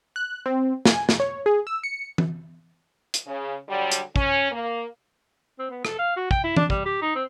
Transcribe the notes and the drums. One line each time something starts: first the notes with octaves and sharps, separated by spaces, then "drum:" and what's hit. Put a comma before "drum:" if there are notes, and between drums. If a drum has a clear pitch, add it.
F#6
C4
G#5, drum: snare
drum: snare
C#5
G#4
E6
C#7
drum: tom E3
drum: hi-hat
C#3
D3 F#3 G3
drum: hi-hat
C#4, drum: kick
A#3
C4
B3
A4, drum: rim click
F5
F#4
G5, drum: kick
E4
D4, drum: tom E3
G3, drum: kick
G4
D#4
C4